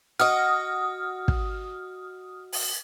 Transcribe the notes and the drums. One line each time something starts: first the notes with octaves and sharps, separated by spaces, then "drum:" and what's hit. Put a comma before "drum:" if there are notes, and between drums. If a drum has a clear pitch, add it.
F#4 D#5 D#6 F6
drum: kick
drum: open hi-hat